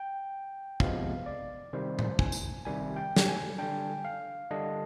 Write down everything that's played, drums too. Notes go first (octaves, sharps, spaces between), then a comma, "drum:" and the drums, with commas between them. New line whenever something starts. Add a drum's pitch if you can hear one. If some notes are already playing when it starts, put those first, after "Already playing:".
Already playing: G5
C3 F3 G#3 B3 F5, drum: kick
D5
C3 D#3 G3 C5
drum: tom A2
G#5, drum: kick
drum: tambourine
C3 D#3 G3 G#5
G5
drum: snare
G#5
D3 G3 D4 G5
F5
D3 G3 D4 D#5